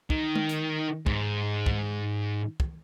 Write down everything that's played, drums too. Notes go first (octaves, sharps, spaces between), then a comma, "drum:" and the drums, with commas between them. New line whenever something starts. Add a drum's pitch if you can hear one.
D#3, drum: kick
drum: tom G#3
drum: hi-hat
G#2, drum: kick
drum: kick
drum: kick